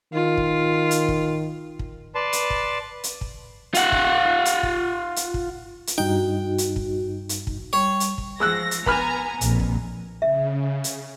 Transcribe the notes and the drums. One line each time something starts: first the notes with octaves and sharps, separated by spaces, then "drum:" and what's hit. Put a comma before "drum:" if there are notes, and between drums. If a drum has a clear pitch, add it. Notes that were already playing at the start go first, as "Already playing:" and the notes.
D#3 F4
drum: kick
drum: hi-hat
drum: kick
drum: kick
B4 D5 A5 C6
drum: hi-hat
drum: kick
drum: hi-hat
drum: kick
F4 F#5, drum: hi-hat
drum: kick
drum: hi-hat
drum: kick
drum: hi-hat
drum: kick
drum: hi-hat
G2 D#4 F#4 G5
drum: hi-hat
drum: kick
drum: hi-hat
drum: kick
G3 C#5
drum: hi-hat
drum: kick
F3 G#3 E6 F#6 A#6
drum: hi-hat
B3 B4 G#5 A#5 B5 F6, drum: kick
A#1 F2, drum: hi-hat
drum: kick
C#3 E5
drum: hi-hat